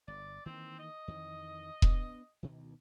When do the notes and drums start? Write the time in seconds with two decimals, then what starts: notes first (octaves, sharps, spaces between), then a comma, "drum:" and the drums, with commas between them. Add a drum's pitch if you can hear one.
0.08 G1 D5
0.46 D#3 E3 A#3 C4
0.79 D#5
1.08 F2 D#3 E3
1.82 B3 D4, drum: kick E1
2.43 D2 B2 D#3